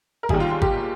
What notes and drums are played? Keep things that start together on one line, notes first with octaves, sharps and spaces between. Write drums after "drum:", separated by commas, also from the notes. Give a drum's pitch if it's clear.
A#4
D#2 D#3 G3 G#4, drum: kick
F4
F4
G4, drum: kick